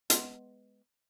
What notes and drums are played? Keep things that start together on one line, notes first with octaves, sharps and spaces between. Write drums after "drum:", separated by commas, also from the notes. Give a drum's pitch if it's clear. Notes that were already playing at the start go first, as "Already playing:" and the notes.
G#3 B3, drum: hi-hat